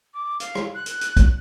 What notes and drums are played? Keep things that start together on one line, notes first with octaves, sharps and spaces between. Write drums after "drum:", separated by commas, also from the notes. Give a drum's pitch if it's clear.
D6
F5, drum: hi-hat
drum: rim click
F#6
drum: hi-hat
drum: hi-hat
drum: kick, hi-hat